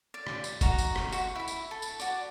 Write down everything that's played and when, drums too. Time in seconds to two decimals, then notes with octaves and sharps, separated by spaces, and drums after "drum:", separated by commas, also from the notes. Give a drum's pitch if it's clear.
0.14 D5
0.27 drum: rim click
0.44 drum: tambourine
0.61 D#4 F#4 A#5, drum: kick F1, tambourine
0.78 drum: tambourine
0.96 drum: rim click
1.12 F#4 C#6, drum: tambourine
1.35 E4 B5
1.48 drum: tambourine
1.71 A4
1.82 drum: tambourine
2.00 F#4 D5, drum: tambourine